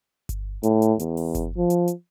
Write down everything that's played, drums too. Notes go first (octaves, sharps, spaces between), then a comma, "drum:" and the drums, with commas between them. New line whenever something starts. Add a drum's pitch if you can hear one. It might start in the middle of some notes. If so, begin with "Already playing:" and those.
drum: kick G1, hi-hat
A2, drum: hi-hat
drum: hi-hat
E2, drum: hi-hat
drum: open hi-hat
drum: kick G1, hi-hat
F3
drum: hi-hat
drum: hi-hat